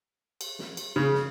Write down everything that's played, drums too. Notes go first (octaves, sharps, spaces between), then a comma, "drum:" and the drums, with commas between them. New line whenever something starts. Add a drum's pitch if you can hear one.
drum: cymbal
drum: snare
drum: cymbal
C#3
drum: snare